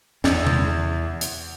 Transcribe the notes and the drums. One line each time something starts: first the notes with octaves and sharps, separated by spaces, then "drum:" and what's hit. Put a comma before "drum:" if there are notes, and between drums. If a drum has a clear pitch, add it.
E2, drum: snare
drum: tom C3
drum: hi-hat